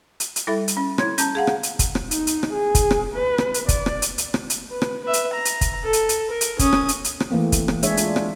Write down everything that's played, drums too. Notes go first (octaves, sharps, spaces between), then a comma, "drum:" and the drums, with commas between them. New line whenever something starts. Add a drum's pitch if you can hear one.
drum: hi-hat
drum: hi-hat
G3 E4 A4 E5 B5 A6
drum: hi-hat
C#4
E4 C#5 C6 G#6, drum: rim click
C#4 A5 A#5 G6, drum: hi-hat
G#4 F5 F#5
drum: rim click
drum: hi-hat
drum: kick, hi-hat
drum: rim click
D#4, drum: hi-hat
drum: hi-hat
drum: rim click
G#4
drum: kick, hi-hat
drum: rim click
B4
drum: rim click
drum: hi-hat
D5, drum: kick, hi-hat
drum: rim click
drum: hi-hat
drum: hi-hat
drum: rim click
drum: hi-hat
B4
drum: rim click
B4 E5
drum: hi-hat
A#5
drum: hi-hat
drum: kick, hi-hat
A4
drum: hi-hat
drum: hi-hat
A#4
drum: hi-hat
C#4 D#6, drum: kick, hi-hat
drum: rim click
drum: hi-hat
drum: hi-hat
drum: rim click
E3 A3 A#3 C4
drum: kick, hi-hat
drum: rim click
G#3 D4 G#4 C#5 E5, drum: hi-hat
D4 F4, drum: hi-hat
drum: rim click